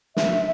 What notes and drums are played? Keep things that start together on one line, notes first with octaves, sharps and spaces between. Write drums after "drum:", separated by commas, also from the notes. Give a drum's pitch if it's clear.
E5, drum: snare